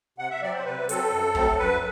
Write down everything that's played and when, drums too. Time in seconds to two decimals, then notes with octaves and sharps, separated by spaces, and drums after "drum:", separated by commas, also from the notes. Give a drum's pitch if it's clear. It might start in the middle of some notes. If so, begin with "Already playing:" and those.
0.18 C3 F#5
0.30 E5
0.42 F#3 C4 D5
0.54 C5
0.65 C3 B4
0.89 F#3 C4 A4, drum: hi-hat
1.12 F#2
1.35 F#3 A3 C4, drum: kick
1.59 F#2 B4